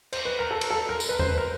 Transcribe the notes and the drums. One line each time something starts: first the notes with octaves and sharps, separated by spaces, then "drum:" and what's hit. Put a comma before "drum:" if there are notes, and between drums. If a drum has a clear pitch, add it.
C5, drum: cymbal
B4
A#4
A4
drum: cymbal
A4
A#4
drum: tambourine
B4
C5, drum: tom E2
B4
A#4